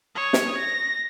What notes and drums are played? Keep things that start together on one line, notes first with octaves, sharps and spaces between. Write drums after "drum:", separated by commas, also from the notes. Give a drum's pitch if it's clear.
C#5 D#6
drum: snare
A#6